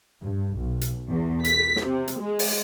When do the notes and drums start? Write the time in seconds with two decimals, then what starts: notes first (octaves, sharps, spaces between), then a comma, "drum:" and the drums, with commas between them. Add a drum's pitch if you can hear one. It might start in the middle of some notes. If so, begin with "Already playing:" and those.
0.21 G2
0.57 B1
0.81 drum: hi-hat
1.09 E2
1.44 B6, drum: hi-hat
1.76 drum: snare
1.86 C3
2.08 drum: hi-hat
2.21 G#3
2.39 drum: open hi-hat